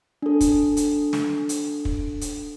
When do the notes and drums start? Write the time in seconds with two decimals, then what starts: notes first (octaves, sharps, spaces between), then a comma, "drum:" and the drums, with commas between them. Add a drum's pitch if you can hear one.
0.22 D4 A4
0.41 drum: kick, hi-hat
0.77 drum: hi-hat
1.13 drum: snare
1.49 drum: hi-hat
1.85 drum: kick
2.21 drum: hi-hat